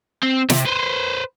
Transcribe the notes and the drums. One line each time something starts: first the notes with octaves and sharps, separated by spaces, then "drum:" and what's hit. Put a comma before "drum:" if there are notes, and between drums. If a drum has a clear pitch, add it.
C4
C3, drum: snare
B4 C5